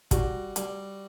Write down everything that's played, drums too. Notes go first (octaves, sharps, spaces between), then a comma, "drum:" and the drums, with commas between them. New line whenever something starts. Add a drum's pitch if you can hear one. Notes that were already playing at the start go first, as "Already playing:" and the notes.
G3 F#4, drum: kick, hi-hat
G3, drum: hi-hat